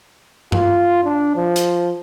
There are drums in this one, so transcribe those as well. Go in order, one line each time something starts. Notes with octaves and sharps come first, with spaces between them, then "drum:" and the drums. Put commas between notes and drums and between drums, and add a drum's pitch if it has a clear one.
F4, drum: tom G2
D4
F3
drum: hi-hat